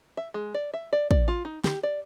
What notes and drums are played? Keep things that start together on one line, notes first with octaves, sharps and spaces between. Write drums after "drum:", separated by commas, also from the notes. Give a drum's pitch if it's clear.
E5
G#3
D5
E5
D5
D5, drum: kick
F4
D#4
G4, drum: snare
D5